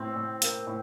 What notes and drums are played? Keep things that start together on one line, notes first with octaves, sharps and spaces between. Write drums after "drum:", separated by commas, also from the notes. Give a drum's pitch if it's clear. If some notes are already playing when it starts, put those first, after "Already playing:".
Already playing: A2 C4
A2
A#3, drum: hi-hat
A2